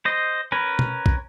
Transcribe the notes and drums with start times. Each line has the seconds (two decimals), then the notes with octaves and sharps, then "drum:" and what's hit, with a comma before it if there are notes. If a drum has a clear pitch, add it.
0.05 C5 D#5
0.52 C#4 A#4 B4
0.79 drum: tom B2
1.06 drum: kick B1